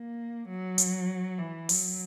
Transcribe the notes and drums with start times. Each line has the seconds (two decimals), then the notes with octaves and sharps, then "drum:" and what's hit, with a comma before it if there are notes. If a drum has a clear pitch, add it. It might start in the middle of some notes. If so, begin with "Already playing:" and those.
Already playing: A#3
0.48 F#3
0.78 drum: hi-hat
1.39 E3
1.69 F#3, drum: open hi-hat